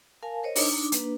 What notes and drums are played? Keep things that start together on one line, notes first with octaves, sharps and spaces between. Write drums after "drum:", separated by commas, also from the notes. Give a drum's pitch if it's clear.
A#4 F5 G#5 A5
A#4 C5 C#5 D#5
D4 D#4 D6, drum: open hi-hat
A#3 D4 B4, drum: hi-hat